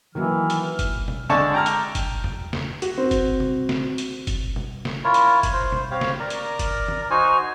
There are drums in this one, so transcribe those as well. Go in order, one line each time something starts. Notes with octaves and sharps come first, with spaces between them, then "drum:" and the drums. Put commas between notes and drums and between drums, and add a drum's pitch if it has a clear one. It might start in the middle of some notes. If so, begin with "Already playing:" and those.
D#3 E3 F#3 A#3 F6
drum: hi-hat
drum: kick F#1, hi-hat
drum: tom B2
D3 G#3 D5 A5 C#6
G5 A#5 F6
drum: hi-hat
drum: kick F#1, hi-hat
drum: tom E2
drum: snare
F#4, drum: hi-hat
C4
drum: kick F#1, hi-hat
drum: tom B2
drum: snare
drum: hi-hat
drum: kick F#1, hi-hat
drum: tom B2
drum: snare
E4 F4 A#4 C#5
drum: hi-hat
drum: kick F#1, hi-hat
C5
drum: tom B2
C4 G4 C#5 F5
drum: snare
A#4 D5 A#5
drum: hi-hat
drum: kick F#1, hi-hat
drum: tom D#3
D#4 F#4 C5 G#5